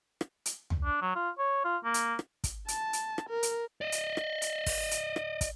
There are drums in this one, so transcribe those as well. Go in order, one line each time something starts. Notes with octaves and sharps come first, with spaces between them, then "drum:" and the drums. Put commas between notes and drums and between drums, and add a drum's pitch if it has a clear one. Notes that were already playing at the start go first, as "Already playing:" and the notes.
drum: rim click
drum: hi-hat
drum: tom
D4
F#3
F4
C#5
F4
A#3
drum: hi-hat
drum: rim click
drum: kick, hi-hat
A5, drum: hi-hat
drum: hi-hat
drum: rim click
A#4
drum: hi-hat
D5 D#5
drum: hi-hat
drum: rim click
drum: hi-hat
drum: kick, open hi-hat
drum: hi-hat
drum: rim click
drum: kick, hi-hat